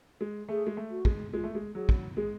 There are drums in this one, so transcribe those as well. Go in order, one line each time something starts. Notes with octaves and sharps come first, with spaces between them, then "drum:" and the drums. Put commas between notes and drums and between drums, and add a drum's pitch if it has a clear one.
G#3
A3 G#4
G#3
A3
F#4
G#3, drum: kick
G#3 F4
A3
G#3
F#3 G#4
drum: kick
G#3 G#4